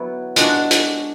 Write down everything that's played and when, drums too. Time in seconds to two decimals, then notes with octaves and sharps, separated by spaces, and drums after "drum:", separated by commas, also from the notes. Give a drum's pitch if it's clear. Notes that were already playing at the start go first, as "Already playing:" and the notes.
Already playing: F#3 B3 E4
0.36 G#3 D4 F#4, drum: hi-hat
0.71 drum: hi-hat